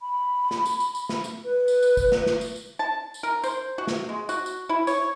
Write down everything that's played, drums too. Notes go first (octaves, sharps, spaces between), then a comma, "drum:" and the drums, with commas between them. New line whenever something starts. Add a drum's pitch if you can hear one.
B5
drum: snare
drum: tambourine
drum: tambourine
drum: tambourine
drum: snare
drum: tambourine
B4
drum: tambourine
drum: tambourine
drum: kick, tambourine
drum: snare
drum: snare
drum: tambourine
drum: tambourine
A5
drum: tambourine
A#4
C5, drum: tambourine
F#4
drum: snare
G#3
F#4, drum: tambourine
drum: tambourine
E4
C#5, drum: tambourine